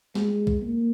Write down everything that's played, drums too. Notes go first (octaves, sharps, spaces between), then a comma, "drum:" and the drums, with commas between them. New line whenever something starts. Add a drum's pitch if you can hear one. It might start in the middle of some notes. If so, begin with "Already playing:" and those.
G#3, drum: snare
drum: kick
A#3